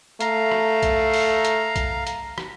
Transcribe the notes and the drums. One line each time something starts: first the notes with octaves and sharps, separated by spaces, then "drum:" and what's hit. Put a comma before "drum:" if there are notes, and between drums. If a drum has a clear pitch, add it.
A3 F5 A#5, drum: hi-hat
drum: rim click
drum: kick, hi-hat
drum: open hi-hat
drum: hi-hat
drum: kick, hi-hat
drum: hi-hat
drum: rim click